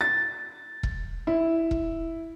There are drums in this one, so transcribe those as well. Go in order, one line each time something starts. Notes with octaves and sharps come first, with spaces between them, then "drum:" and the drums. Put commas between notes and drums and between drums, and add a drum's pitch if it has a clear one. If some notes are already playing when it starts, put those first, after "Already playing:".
A6
drum: kick E1
E4
drum: kick E1